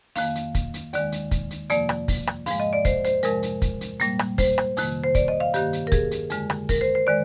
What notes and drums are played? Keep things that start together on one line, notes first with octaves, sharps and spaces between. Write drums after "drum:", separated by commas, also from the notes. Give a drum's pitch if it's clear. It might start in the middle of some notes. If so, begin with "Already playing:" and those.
F2 D#3 A#3 F5, drum: open hi-hat
drum: hi-hat
drum: kick, hi-hat
drum: hi-hat
D#2 D#3 G#3 D5, drum: hi-hat
drum: hi-hat
drum: kick, hi-hat
drum: hi-hat
F2 C3 F3 A#3 D5, drum: hi-hat
drum: rim click
drum: kick, open hi-hat
drum: rim click
G#2 F3 G#3 F5, drum: open hi-hat
D#5
D5
C5, drum: kick, hi-hat
C5, drum: hi-hat
F2 C3 F3 G#3 A#4, drum: hi-hat
drum: hi-hat
drum: kick, hi-hat
drum: hi-hat
A#2 G3 A#3, drum: hi-hat
drum: rim click
C5, drum: kick, open hi-hat
drum: rim click
F2 C3 D#3 A#3, drum: open hi-hat
C5
D5, drum: kick, hi-hat
D#5
F5
G2 D#3 A#3 G4, drum: hi-hat
drum: hi-hat
A#4
G#4, drum: kick, hi-hat
drum: hi-hat
F2 D3 G#3, drum: hi-hat
drum: rim click
A#4, drum: kick, open hi-hat
C5
C5
D#3 G#3 D5